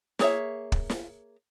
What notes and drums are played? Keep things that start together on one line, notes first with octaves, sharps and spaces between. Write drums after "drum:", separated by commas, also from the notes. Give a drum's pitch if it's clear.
A#3 G#4 C#5 E5, drum: snare
drum: kick
drum: snare